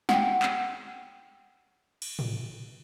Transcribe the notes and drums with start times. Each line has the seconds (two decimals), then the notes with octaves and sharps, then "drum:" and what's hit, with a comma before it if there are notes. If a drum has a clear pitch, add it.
0.09 F#5 G5, drum: snare
0.42 drum: clap
2.02 drum: cymbal
2.19 drum: tom